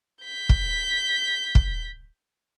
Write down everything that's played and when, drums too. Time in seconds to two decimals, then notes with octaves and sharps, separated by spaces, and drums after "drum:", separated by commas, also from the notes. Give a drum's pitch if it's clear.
0.23 G6 B6
0.49 drum: kick
1.55 drum: kick